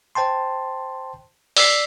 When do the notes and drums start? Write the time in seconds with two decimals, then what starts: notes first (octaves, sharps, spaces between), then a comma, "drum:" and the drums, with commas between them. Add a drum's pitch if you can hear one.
0.15 C5 G5 A5 C6
1.57 D5 E6 B6 C7, drum: open hi-hat